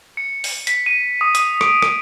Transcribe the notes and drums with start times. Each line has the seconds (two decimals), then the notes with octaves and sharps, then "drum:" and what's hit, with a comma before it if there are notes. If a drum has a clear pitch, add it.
0.17 C#7
0.44 drum: open hi-hat
0.67 B6, drum: hi-hat
0.86 D#7
1.21 D#6
1.35 D#6, drum: hi-hat
1.61 D7, drum: rim click
1.82 drum: rim click